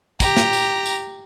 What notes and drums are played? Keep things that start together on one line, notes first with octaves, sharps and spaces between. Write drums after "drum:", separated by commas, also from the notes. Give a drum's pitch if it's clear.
G4 A#5, drum: kick, tambourine
drum: snare
drum: tambourine
drum: tambourine